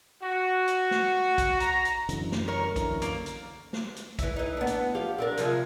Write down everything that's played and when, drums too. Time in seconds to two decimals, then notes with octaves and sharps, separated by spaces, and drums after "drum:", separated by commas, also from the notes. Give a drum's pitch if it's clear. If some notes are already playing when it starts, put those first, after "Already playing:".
0.22 F#4
0.67 drum: hi-hat
0.91 drum: snare
1.38 drum: kick, hi-hat
1.60 A#5, drum: hi-hat
1.85 drum: hi-hat
2.09 F#2 D3 E3, drum: hi-hat
2.32 drum: snare
2.48 A#4 C#5
2.76 F#2 D3 E3, drum: kick, hi-hat
3.02 A#3, drum: hi-hat
3.26 drum: hi-hat
3.73 drum: snare
3.96 drum: hi-hat
4.19 E3 E4, drum: kick, hi-hat
4.36 E3 D#4
4.57 B3 D4
4.67 drum: hi-hat
4.95 F3 G4 F5
5.18 C4 D4 A#4
5.37 C3 F3 G#3, drum: hi-hat